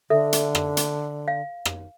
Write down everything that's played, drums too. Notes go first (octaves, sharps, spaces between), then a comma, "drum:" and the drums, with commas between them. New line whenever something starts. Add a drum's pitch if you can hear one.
D3 A4 E5
drum: hi-hat
drum: rim click
drum: hi-hat
F5
drum: rim click